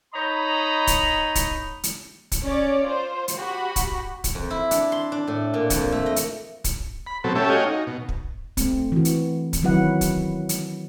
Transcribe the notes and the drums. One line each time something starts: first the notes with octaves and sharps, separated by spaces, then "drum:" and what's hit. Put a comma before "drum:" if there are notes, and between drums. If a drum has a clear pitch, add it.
D#4 C#5 D#5 A#5 B5
drum: kick, hi-hat
drum: kick, hi-hat
drum: hi-hat
drum: kick, hi-hat
C#4 C#5 D5
F4 C5
drum: hi-hat
F#4 G4 B5
drum: kick, hi-hat
drum: kick, hi-hat
F2
E4
D4, drum: hi-hat
C6
D4
A2
A#2
F2, drum: kick, hi-hat
A3
D#5
drum: hi-hat
drum: kick, hi-hat
B5
B2 F#3 C4 A4
A3 C#4 G4 A4 E5
F#4 C#5 D#5 F5 G5 G#5
D#4
B2
drum: kick
A3 C4, drum: kick, hi-hat
E3 F#4
drum: hi-hat
drum: kick, hi-hat
D#3 F#3 C4 E4 B4 F#5
drum: kick, hi-hat
drum: hi-hat